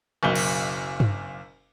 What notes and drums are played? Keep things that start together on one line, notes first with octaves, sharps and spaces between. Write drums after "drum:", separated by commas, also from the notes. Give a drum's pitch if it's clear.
F#1 B1 G7
drum: cymbal
drum: tom G2